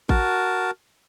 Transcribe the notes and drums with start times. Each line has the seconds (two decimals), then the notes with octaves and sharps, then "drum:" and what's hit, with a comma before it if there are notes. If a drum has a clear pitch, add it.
0.09 F#4 A#4 A5, drum: kick A1